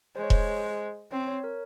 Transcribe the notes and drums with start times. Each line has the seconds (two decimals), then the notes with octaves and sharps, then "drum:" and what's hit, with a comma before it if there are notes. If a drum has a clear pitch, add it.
0.16 G#3 C5
0.23 C#5
0.30 C5, drum: kick E1
1.11 C4 C#5
1.28 C#5
1.44 A#4